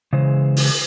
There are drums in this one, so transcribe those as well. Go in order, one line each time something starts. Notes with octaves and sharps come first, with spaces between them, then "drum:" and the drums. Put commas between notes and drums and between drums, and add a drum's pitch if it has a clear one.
C#3 E3 G#3 C5
drum: open hi-hat